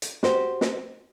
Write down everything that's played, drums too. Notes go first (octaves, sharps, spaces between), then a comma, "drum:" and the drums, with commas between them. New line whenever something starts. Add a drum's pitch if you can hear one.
drum: hi-hat
F#4 G4 C5, drum: snare
drum: snare